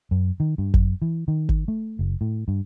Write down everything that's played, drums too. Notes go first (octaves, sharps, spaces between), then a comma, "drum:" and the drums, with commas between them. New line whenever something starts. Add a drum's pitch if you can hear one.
F#2
D#3
G2
F#2, drum: kick G#1
E3
D#3
drum: kick G#1
A3
F#1
A2
G2